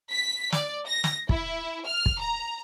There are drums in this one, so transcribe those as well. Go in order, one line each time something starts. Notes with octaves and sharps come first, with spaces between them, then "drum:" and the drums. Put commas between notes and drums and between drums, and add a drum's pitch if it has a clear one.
B6
D5, drum: snare
A#6
drum: snare
E4, drum: kick
F6
drum: kick
A#5